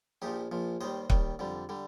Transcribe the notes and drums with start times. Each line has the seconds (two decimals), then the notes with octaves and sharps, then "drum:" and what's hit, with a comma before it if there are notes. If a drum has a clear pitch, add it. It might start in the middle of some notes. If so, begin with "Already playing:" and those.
0.22 A#1 A#2 F3 D#4 G4
0.52 A#1 A#2 F3
0.81 D#2 D#3 G3 C5 D#5
1.10 D#2 D#3 G3, drum: kick
1.39 F2 D3 G3
1.69 D3 G3